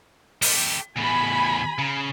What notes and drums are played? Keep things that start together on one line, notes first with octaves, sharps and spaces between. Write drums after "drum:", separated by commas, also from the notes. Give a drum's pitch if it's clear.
A3 G4, drum: open hi-hat
E2 A2 G#5 B5
C#3